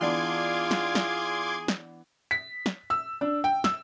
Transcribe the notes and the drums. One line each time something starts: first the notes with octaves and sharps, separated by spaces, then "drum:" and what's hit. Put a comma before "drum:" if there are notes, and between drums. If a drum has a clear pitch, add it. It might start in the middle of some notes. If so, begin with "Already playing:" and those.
E3 B3 D4 F4 G#4 C6 D6 G#6
drum: snare
drum: snare
drum: snare
B6
drum: snare
E6
D4
G5
E6, drum: snare